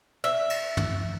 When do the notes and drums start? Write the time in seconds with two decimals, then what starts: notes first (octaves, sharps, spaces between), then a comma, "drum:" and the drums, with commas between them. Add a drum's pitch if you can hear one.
0.24 E5
0.50 drum: cymbal
0.77 drum: tom